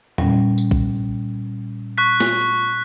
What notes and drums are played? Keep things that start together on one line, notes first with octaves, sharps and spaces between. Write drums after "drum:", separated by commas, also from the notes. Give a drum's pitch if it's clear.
A#2 G3 C#4, drum: tom E2
drum: tambourine
drum: kick
C#6 F#6 B6
drum: snare